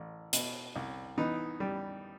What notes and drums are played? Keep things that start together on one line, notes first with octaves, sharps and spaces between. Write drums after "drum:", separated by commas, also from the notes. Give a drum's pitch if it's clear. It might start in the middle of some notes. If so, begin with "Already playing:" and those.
Already playing: A1
B2, drum: hi-hat
C2
E3 B3 D#4
G3